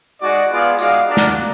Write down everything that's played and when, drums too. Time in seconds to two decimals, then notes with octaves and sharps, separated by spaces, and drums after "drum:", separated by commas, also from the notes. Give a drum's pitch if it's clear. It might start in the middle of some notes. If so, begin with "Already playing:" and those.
0.21 G#3 D#4 F#4 D5
0.50 B3 F4 G#4 D5 F5
0.79 G#3 D#4 F#4 D5 F5, drum: tambourine
1.08 D4 F#4 A#4 D5
1.17 drum: snare